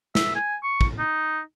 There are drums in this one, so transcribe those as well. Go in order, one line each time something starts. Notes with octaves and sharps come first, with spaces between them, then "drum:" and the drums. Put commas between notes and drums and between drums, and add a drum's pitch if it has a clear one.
E5, drum: snare
G#5
C#6
drum: kick
D#4